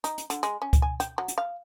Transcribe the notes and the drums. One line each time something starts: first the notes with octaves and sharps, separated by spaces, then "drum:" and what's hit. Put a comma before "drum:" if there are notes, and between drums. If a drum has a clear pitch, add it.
D#4, drum: hi-hat
drum: hi-hat
D3, drum: hi-hat
G#3, drum: hi-hat
C#4
drum: kick C#2, hi-hat
G#5
G5, drum: hi-hat
F#3
drum: hi-hat
F5